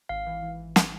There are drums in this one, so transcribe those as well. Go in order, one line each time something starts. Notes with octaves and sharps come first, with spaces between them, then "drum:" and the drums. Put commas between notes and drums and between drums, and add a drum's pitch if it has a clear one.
G#1 F5
E3
E3
drum: snare